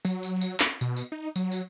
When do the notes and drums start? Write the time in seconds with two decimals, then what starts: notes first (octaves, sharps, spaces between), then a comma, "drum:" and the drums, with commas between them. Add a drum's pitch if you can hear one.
0.05 F#3, drum: tambourine
0.23 drum: tambourine
0.41 drum: tambourine
0.60 drum: clap
0.81 B2, drum: tambourine
0.97 drum: tambourine
1.12 D#4
1.36 F#3, drum: tambourine
1.52 drum: tambourine